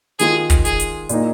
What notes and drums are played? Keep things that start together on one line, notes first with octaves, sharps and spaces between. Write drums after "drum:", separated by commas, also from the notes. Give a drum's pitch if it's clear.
D#3 G#3 F4 G#4, drum: hi-hat
drum: kick, hi-hat
G#4, drum: hi-hat
drum: hi-hat
A#2 A#3 D#4, drum: hi-hat